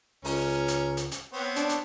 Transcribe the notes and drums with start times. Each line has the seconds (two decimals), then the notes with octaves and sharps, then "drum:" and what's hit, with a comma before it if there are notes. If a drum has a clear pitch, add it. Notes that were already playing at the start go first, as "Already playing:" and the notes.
0.25 C#2 C#4 A#4, drum: open hi-hat
0.68 drum: hi-hat
0.97 drum: hi-hat
1.11 drum: hi-hat
1.33 B3 C4 C#5
1.56 D4, drum: hi-hat
1.69 drum: hi-hat